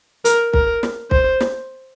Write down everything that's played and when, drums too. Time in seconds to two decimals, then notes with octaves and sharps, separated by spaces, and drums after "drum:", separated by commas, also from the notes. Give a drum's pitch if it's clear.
0.25 A#4, drum: hi-hat
0.53 A#4, drum: kick
0.83 drum: snare
1.11 C5, drum: kick
1.40 drum: snare